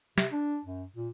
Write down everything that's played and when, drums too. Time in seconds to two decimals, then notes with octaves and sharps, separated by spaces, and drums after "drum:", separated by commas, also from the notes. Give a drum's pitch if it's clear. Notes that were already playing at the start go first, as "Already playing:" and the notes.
0.18 C3, drum: snare
0.32 D4
0.64 F#2
0.96 A#2